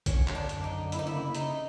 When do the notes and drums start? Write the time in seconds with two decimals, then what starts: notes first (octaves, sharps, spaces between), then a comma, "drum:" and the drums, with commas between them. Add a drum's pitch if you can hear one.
0.06 D3 C#4, drum: kick, hi-hat
0.28 D3, drum: clap
0.35 D4
0.49 F#2, drum: hi-hat
0.64 D#4
0.71 D3
0.92 A#3 E4, drum: hi-hat
0.99 D#4
1.07 E4
1.14 C#3
1.35 C#3 D#4, drum: hi-hat